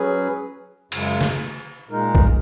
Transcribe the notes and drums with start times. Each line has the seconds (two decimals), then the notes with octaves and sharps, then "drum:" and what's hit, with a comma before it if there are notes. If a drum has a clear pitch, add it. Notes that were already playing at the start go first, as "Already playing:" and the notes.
Already playing: F#3 C#4 G#4 B4
0.92 F#2 C#3 G#3, drum: cymbal
1.21 drum: snare
1.89 A#2 G#3 D#4 A#4
2.15 drum: kick